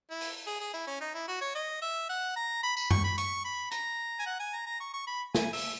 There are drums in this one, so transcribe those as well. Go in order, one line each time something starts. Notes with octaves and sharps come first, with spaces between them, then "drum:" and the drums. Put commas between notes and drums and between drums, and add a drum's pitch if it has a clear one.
E4
drum: open hi-hat
G#4
G#4
E4
C#4
D#4
E4
F#4
C#5
D#5
E5
F#5
A#5
B5
B5, drum: tambourine
C#6, drum: tom F#2
B5
C#6, drum: hi-hat
B5
A#5, drum: hi-hat
G#5
F#5
G#5
A#5
A#5
C#6
C#6
B5
G#5, drum: snare
E5, drum: open hi-hat